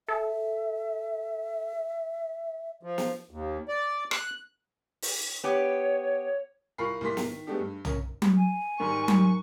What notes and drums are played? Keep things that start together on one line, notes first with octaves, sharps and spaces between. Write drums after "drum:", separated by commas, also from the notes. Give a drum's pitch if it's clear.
A4 E5
F3
drum: snare
D#2
D5
F#6, drum: rim click
drum: open hi-hat
B3 G4 C#5
C2 F4 A#4 B5 C#6 C7
C2 G#2 A#3 A#4 C6 B6
drum: snare
D#3
G#3 A3 B3 D4 G4
G2
C#4 A#4, drum: tom
drum: tom F#3
G#5
G#2 D#3 G3 A#4 A#5 C#6
drum: tom F#3